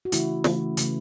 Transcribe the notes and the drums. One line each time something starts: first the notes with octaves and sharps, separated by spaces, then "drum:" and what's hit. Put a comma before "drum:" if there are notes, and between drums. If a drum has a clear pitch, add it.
F#4
C#3 E3 A3 E4, drum: hi-hat
C#3 E3 A3, drum: snare
C#3 A3, drum: hi-hat